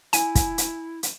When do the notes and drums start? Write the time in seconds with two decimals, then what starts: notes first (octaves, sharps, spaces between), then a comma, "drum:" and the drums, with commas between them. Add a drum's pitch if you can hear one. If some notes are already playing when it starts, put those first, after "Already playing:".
0.13 E4 G#5, drum: hi-hat
0.35 drum: kick, hi-hat
0.58 drum: hi-hat
1.03 drum: hi-hat